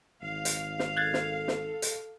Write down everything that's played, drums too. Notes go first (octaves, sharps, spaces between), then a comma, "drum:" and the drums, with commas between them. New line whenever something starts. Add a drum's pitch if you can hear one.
G#1 F5
drum: hi-hat
drum: snare
A4 F#6 G#6 A6
drum: snare
drum: snare
drum: hi-hat